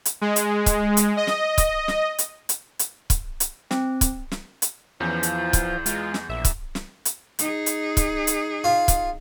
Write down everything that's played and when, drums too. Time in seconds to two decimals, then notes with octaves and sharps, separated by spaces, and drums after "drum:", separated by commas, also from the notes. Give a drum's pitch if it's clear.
0.05 drum: hi-hat
0.21 G#3
0.36 drum: hi-hat
0.66 drum: kick, hi-hat
0.97 drum: hi-hat
1.17 D#5
1.27 drum: snare
1.58 drum: kick, hi-hat
1.88 drum: snare
2.18 drum: hi-hat
2.49 drum: hi-hat
2.79 drum: hi-hat
3.10 drum: kick, hi-hat
3.40 drum: hi-hat
3.71 C4, drum: snare
4.01 drum: kick, hi-hat
4.32 drum: snare
4.62 drum: hi-hat
5.00 E2 E3 F3 C#4 G6
5.23 drum: hi-hat
5.38 F4
5.53 drum: kick, hi-hat
5.86 G#3 F4, drum: hi-hat
6.14 drum: snare
6.29 A#1 E5
6.45 drum: kick, hi-hat
6.75 drum: snare
7.05 drum: hi-hat
7.39 D#4 G#4, drum: hi-hat
7.66 drum: hi-hat
7.97 drum: kick, hi-hat
8.27 drum: hi-hat
8.64 F4
8.88 drum: kick, hi-hat